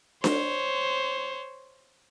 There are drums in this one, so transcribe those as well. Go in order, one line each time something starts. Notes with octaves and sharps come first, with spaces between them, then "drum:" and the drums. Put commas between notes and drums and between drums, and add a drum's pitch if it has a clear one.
C5 C#5, drum: snare D4